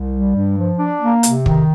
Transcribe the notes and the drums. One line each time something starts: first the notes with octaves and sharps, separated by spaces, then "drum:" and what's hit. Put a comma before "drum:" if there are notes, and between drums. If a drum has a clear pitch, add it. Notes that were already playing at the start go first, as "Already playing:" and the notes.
Already playing: C2
G3
G2
F3
D4
A#3
C3, drum: hi-hat
D#3, drum: kick